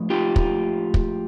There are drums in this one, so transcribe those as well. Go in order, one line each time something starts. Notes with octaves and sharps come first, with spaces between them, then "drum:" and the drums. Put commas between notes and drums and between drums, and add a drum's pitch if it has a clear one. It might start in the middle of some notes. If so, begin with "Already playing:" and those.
Already playing: A2 F3 G#3
F4 G4
drum: kick
drum: kick